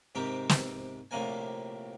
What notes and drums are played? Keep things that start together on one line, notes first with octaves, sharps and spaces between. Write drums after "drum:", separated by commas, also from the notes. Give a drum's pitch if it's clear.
G#2 C3 G4 A#4
drum: snare
A#1 A2 C3 A#3 A#4 G#5